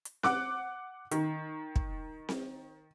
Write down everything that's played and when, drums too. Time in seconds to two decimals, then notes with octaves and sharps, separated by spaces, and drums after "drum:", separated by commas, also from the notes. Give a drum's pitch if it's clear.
0.05 drum: hi-hat
0.23 F#5 D6 F#6, drum: snare C4
1.11 D#3, drum: hi-hat
1.76 drum: kick
2.29 drum: snare C4